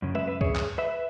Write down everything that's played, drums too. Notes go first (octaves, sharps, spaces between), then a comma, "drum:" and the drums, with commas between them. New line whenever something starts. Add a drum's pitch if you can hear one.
F#2 C#3
B4 E5, drum: tom G#3
B4 E5
G#4 C#5, drum: kick C#2
drum: clap
B4 E5